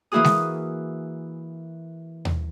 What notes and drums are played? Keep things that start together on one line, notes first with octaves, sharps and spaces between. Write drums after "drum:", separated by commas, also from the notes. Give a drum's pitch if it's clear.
E3 A#3 E4 F#4 G#4 D#6
drum: snare G#3
drum: tom D#2